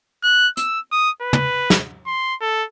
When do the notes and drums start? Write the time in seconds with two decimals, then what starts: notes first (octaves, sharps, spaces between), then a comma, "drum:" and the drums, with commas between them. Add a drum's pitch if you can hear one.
0.23 F#6
0.57 E6, drum: hi-hat
0.91 D#6
1.21 B4
1.33 drum: tom
1.70 drum: snare
2.06 C6
2.41 A4